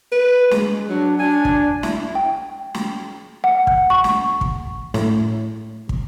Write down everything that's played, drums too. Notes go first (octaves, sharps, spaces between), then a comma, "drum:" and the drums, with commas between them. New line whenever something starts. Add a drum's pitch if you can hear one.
B4
G#3, drum: snare
F#3 D4
D4 G#5
drum: kick
E4, drum: snare
G5
drum: snare
F#5
drum: kick
C#6
drum: snare
drum: kick
A2, drum: snare
drum: kick